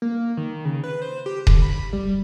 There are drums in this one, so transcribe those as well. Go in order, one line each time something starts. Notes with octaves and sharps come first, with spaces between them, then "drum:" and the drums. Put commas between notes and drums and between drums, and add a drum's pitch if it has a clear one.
A#3
D#3
C#3
B4
C5
G4
D3, drum: kick D#1
B5
G3